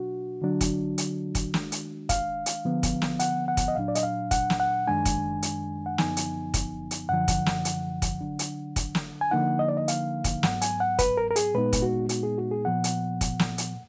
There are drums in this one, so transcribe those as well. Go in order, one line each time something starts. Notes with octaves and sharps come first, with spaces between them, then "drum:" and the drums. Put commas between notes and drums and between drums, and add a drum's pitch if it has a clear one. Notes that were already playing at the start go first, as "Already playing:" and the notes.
Already playing: B2 F#3 D4 F#4
D3 F#3 D4
drum: kick, hi-hat
drum: hi-hat
drum: kick, hi-hat
D#3 G#3 D4, drum: snare
drum: hi-hat
F5, drum: kick, hi-hat
drum: hi-hat
D3 F3 B3
drum: kick, hi-hat
drum: snare
F#5, drum: hi-hat
F#5
drum: kick, hi-hat
D#5
A#2 F#3 D4 F5
D5
D#5, drum: hi-hat
F5
F#5, drum: kick, hi-hat
drum: snare
F#5
F#2 D#3 G#3 D4 G#5
drum: kick, hi-hat
drum: hi-hat
F#5
F#2 D3 F3 B3 D#4 G#5, drum: snare
drum: hi-hat
drum: kick, hi-hat
drum: hi-hat
F#2 D3 F3 F#5
drum: kick, hi-hat
drum: snare
drum: hi-hat
drum: kick, hi-hat
D3 F#3 D4
drum: hi-hat
drum: kick, hi-hat
drum: snare
G#5
D3 F3 A#3 D#4 F#5
D#5
D5
D#5
F5, drum: hi-hat
drum: kick, hi-hat
G#2 F#3 B3 F#5, drum: snare
G#5, drum: hi-hat
F#5
B4, drum: kick, hi-hat
A#4
A#4
G#4, drum: hi-hat
A#2 G#3 B3 D#4 B4
drum: kick, hi-hat
F#4
F#4, drum: hi-hat
G#4
F#4
G#4
A#2 F3 B3 F#5
drum: hi-hat
drum: kick, hi-hat
drum: snare
drum: hi-hat